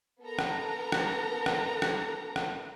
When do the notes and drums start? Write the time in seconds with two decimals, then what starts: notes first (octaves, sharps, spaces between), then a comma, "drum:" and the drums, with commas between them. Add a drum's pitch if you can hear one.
0.21 B3 A4 A#4 A#5
0.39 drum: rim click
0.92 drum: rim click
1.46 drum: rim click
1.82 drum: rim click
2.36 drum: rim click